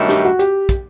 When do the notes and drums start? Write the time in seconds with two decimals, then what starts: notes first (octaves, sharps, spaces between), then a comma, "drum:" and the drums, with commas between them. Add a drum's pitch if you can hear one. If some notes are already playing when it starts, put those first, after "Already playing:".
Already playing: G2 D#3 F#3 A3
0.09 G4, drum: snare
0.24 F#4
0.39 G4, drum: hi-hat
0.69 drum: kick, hi-hat